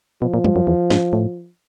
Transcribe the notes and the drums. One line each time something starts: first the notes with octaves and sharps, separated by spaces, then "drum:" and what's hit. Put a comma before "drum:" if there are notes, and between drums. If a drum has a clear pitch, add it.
B2 F3
A#2
G2, drum: tom G3
F#2
E2
G#2, drum: snare
A2